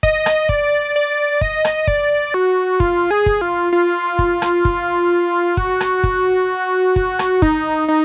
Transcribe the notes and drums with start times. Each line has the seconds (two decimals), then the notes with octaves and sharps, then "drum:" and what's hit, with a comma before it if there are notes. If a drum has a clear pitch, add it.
0.03 D#5, drum: kick
0.26 drum: rim click
0.49 D5, drum: kick
0.96 D5
1.41 D#5, drum: kick
1.65 drum: rim click
1.87 D5, drum: kick
2.34 F#4
2.80 F4, drum: kick
3.11 G#4
3.26 drum: kick
3.41 F4
3.72 F4
4.19 drum: kick
4.42 drum: rim click
4.65 drum: kick
5.57 F#4, drum: kick
5.80 drum: rim click
6.04 drum: kick
6.96 drum: kick
7.19 drum: rim click
7.42 D#4, drum: kick
7.88 D#4